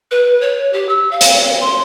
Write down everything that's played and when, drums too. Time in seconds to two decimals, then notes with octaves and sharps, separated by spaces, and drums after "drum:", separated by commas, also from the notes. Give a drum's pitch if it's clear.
0.11 B4
0.41 C#5
0.73 G4
0.89 E6
1.11 F5
1.21 drum: hi-hat
1.61 C6